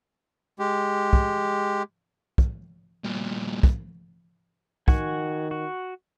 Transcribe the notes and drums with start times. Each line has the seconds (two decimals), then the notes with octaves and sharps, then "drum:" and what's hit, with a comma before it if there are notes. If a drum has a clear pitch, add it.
0.59 G#3 G4
1.13 drum: kick
2.38 drum: kick
3.04 G2 A#2
3.63 drum: kick
4.88 D#3 F#4 F#5 G#5, drum: kick
5.51 F#4